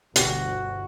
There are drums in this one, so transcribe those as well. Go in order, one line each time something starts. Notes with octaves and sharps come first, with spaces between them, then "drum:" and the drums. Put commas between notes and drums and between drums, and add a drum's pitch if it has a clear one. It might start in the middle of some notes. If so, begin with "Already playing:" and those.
G1 D2 B2 F#4 G4, drum: hi-hat